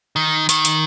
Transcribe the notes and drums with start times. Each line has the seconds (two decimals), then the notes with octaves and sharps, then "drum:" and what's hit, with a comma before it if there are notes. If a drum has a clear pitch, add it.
0.16 D#3
0.49 D#3, drum: hi-hat
0.65 drum: hi-hat